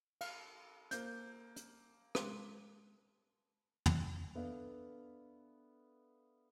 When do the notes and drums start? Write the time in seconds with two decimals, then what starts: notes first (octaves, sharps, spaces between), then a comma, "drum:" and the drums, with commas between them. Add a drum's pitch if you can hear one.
0.21 F5, drum: cymbal
0.91 A#3 C5 G6, drum: hi-hat
1.56 drum: hi-hat
2.15 G#3 C6 D6, drum: rim click
3.86 drum: tom
4.35 B3 D4 A4 B4 E5 F5